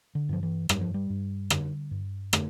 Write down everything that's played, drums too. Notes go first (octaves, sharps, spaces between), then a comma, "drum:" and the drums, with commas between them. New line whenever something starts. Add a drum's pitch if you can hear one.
D3
G2 F3
E3
G2 G3, drum: rim click
F3
G3
G2
D3, drum: rim click
G2
D3 A3, drum: rim click